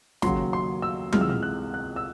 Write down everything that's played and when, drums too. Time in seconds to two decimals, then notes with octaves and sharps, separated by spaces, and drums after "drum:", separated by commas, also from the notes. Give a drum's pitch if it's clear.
0.22 D#2 C#3 F#3 C6, drum: snare
0.53 C6
0.82 E6
1.13 C#2 C3 E3 G#3 F6, drum: tom F#3
1.21 E6
1.30 F6
1.42 F#6
1.74 F#6
1.96 E6